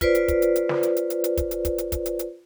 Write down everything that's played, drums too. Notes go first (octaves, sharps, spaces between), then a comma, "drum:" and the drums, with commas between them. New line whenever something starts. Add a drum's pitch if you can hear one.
F4 B4 C5 D5, drum: kick, hi-hat
drum: hi-hat
drum: kick, hi-hat
drum: hi-hat
drum: hi-hat
drum: snare
drum: hi-hat
drum: hi-hat
drum: hi-hat
drum: hi-hat
drum: kick, hi-hat
drum: hi-hat
drum: kick, hi-hat
drum: hi-hat
drum: kick, hi-hat
drum: hi-hat
drum: hi-hat